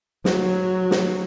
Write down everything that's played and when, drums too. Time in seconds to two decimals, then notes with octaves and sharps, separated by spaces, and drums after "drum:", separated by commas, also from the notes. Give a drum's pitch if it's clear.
0.25 F#3, drum: snare
0.91 drum: snare